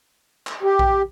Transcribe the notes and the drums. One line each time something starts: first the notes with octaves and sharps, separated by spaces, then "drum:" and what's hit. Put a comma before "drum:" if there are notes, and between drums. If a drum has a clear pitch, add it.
drum: clap
G4
drum: kick A#1